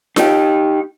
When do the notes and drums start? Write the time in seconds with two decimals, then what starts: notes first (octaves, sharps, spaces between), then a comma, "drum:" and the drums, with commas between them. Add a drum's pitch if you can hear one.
0.16 D#4 G4, drum: snare F4